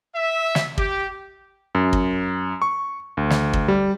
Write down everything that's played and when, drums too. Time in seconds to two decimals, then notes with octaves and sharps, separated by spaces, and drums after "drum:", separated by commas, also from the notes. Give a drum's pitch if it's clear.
0.15 E5
0.55 drum: snare
0.78 G4, drum: kick
1.75 F#2
1.93 drum: kick
2.62 C#6
3.17 D2
3.30 drum: snare
3.53 drum: kick
3.68 G3